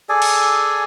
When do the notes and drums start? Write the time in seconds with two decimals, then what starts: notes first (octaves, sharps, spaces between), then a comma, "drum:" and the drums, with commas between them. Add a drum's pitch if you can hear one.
0.09 G#4 A4 D5 G#5
0.22 drum: cymbal